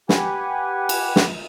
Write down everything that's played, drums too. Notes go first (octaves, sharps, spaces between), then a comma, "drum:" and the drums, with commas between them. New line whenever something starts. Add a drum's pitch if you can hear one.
G4 B4 F#5 G#5, drum: snare
drum: cymbal
drum: snare